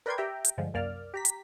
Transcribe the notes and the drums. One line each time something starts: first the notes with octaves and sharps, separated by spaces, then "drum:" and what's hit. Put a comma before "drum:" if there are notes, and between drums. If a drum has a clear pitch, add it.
A#4 B4 D5 G5 C6 G#6
G4 E5 G5 A#5
drum: hi-hat
G2 D3 F3 G#3
C2 F#2 A#3 D5 F6
G4 A#5 B6
drum: hi-hat